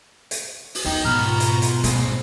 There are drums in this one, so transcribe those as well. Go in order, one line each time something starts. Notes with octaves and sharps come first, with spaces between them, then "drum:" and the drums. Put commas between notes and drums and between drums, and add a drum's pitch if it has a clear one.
drum: hi-hat
drum: open hi-hat
E2 D#4 G5
G#2 B2 A#5 F6
F4
drum: hi-hat
drum: hi-hat
G#2 G#3 A#3 C4, drum: hi-hat